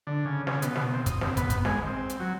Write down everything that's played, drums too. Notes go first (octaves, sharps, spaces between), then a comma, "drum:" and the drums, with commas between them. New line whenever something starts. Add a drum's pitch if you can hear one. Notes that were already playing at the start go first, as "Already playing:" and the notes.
D3
C#3
C#3, drum: snare
B2, drum: hi-hat
drum: snare
C4
D#6, drum: kick, hi-hat
C3, drum: snare
B3, drum: kick, hi-hat
drum: kick, hi-hat
G#3, drum: snare
C4
drum: hi-hat
F#3